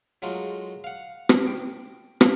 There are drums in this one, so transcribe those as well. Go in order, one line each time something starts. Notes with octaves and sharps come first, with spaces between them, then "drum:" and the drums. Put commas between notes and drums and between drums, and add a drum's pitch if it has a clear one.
F#3 G#3 A3 F4 A#4
F5 F#5
drum: rim click
G5
A#3, drum: rim click